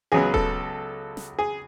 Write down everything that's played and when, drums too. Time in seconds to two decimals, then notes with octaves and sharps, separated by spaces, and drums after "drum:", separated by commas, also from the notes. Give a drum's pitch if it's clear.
0.12 C#2 C#3 F#3 B3 G#4
0.34 A4, drum: kick D#1
1.17 drum: snare
1.39 G#4